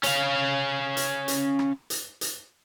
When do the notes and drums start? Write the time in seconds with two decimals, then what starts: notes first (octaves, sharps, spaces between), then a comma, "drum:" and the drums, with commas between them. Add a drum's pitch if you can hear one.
0.03 C#4 F5, drum: hi-hat
0.97 drum: hi-hat
1.28 drum: hi-hat
1.59 drum: rim click
1.90 drum: hi-hat
2.21 drum: hi-hat